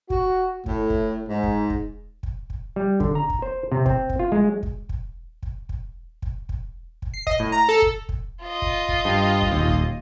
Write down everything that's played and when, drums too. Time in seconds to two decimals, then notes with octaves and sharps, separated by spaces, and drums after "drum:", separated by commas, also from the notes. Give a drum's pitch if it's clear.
0.10 F#4, drum: kick
0.66 A2, drum: kick
0.90 drum: kick
1.29 G#2
1.43 drum: kick
1.70 drum: kick
2.23 drum: kick
2.50 drum: kick
2.76 G3
3.00 D3, drum: kick
3.15 A#5
3.30 drum: kick
3.42 C5
3.72 C3
3.86 C4, drum: kick
4.09 drum: kick
4.19 F4
4.32 G#3
4.63 drum: kick
4.89 drum: kick
5.43 drum: kick
5.69 drum: kick
6.22 drum: kick
6.49 drum: kick
7.02 drum: kick
7.14 C7
7.27 D#5, drum: kick
7.39 A2
7.52 A#5
7.69 A4
7.82 drum: kick
8.09 drum: kick
8.44 F4 D#5
8.62 drum: kick
8.89 drum: kick
9.05 G2
9.42 drum: kick
9.52 D#1 D#2
9.68 drum: kick